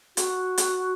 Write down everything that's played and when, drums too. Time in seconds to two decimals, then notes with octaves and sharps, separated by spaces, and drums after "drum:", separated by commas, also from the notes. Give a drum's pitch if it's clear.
0.17 F#4, drum: hi-hat
0.58 drum: hi-hat